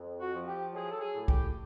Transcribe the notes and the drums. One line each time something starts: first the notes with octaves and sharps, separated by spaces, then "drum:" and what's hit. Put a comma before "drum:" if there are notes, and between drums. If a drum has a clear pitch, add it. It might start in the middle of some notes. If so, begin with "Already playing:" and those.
Already playing: F2
F#4
F3
G4
F#3 G#4
A4
G#4
A2
G4, drum: kick C2